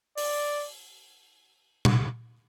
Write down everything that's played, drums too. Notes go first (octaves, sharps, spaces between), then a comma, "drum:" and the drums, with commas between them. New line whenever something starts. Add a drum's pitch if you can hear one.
D5, drum: open hi-hat
drum: tom